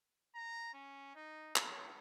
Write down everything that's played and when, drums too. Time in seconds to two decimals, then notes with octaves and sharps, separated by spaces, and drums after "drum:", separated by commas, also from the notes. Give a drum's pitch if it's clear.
0.35 A#5
0.74 C#4
1.15 D#4
1.56 A4, drum: clap